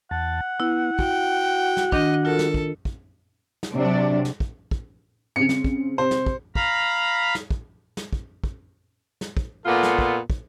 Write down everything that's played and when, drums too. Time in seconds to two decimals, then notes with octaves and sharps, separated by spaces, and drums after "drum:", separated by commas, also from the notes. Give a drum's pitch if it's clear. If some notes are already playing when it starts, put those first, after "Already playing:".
0.11 E2 F#5 A5
0.60 B3 E4
0.99 F#4 G5, drum: kick
1.77 drum: snare
1.92 D#3 D4 D#5, drum: kick
2.25 F4 A4 A#4
2.39 drum: snare
2.54 drum: kick
2.85 drum: kick
3.63 drum: snare
3.74 C3 F#3 D4
4.25 drum: snare
4.40 drum: kick
4.71 drum: kick
5.36 C#3 C4 C#7
5.49 drum: snare
5.64 drum: kick
5.98 C3 C5
6.11 drum: snare
6.26 drum: kick
6.55 F5 A#5 B5, drum: kick
7.35 drum: snare
7.51 drum: kick
7.97 drum: snare
8.13 drum: kick
8.44 drum: kick
9.21 drum: snare
9.37 drum: kick
9.66 A#2 B3 F4 A4
9.83 drum: snare
9.99 drum: kick
10.30 drum: kick